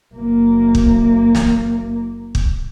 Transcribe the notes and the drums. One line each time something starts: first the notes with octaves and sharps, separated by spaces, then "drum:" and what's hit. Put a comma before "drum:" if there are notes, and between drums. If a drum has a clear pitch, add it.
F#1 A#3
drum: kick
drum: snare
drum: kick